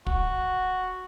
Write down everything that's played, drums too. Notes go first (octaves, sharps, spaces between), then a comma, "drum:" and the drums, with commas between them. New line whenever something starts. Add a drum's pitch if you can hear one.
F#4, drum: kick